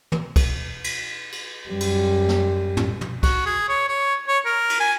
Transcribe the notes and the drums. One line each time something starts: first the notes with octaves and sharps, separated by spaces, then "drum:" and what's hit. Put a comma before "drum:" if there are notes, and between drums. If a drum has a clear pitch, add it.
drum: tom
drum: kick, cymbal
drum: cymbal
drum: cymbal
F#2 G3
drum: cymbal
drum: snare
drum: tom
drum: tom
F#4, drum: kick, cymbal
G#4
C#5
C#5
C#5
A#4
drum: cymbal
G#5